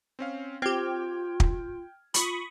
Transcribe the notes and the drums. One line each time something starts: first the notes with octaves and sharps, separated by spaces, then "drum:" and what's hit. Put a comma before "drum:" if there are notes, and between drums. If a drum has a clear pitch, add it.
C4 C#4 F5
C4 F4 G4 G5 F6 G#6
drum: kick
F4 B5 C#6 D#6, drum: hi-hat